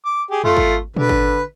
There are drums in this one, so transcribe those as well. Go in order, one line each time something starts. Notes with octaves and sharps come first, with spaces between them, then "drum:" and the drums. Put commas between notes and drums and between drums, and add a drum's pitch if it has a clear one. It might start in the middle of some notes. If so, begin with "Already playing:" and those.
D6
G4 G#4
A3 F4, drum: tom
drum: kick G#1
D3 B4, drum: tom A#2
drum: kick G#1